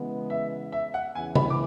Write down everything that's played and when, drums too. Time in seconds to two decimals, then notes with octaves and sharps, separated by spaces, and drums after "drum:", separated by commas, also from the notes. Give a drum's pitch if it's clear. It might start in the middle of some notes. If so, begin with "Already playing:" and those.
Already playing: C#3 E3 G#3 B3
0.30 E5
0.72 E5
0.94 F#5
1.14 E2 C#3 E3 G#5
1.35 B5, drum: tom C#3
1.50 D6